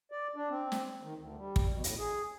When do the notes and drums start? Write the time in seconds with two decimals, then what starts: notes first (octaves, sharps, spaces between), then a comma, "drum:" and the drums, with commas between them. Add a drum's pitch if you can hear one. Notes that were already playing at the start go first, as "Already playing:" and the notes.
0.11 D5
0.36 D4
0.50 C4
0.72 drum: snare
1.03 D#3
1.18 D2
1.37 G3
1.56 drum: kick
1.71 B2
1.84 A2, drum: hi-hat
1.98 G#4